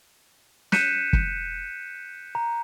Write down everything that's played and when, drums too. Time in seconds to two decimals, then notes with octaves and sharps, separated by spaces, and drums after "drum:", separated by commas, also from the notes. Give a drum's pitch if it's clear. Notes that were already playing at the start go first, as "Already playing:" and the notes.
0.72 F#6 G6 B6 C#7 D#7 E7, drum: snare
1.13 drum: kick
2.35 A#5